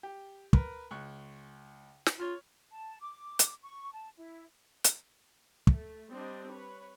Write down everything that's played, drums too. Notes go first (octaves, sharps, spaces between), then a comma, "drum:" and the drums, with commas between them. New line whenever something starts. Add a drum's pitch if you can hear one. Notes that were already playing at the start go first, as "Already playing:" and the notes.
G4
A#4 B4, drum: kick
C#2 C#6 F#6
drum: snare
F4 C#5 F6
A5
D6
drum: hi-hat
C#6
A5
E4
drum: hi-hat
A3, drum: kick
G3 C4 D4 D#5
B4 C#5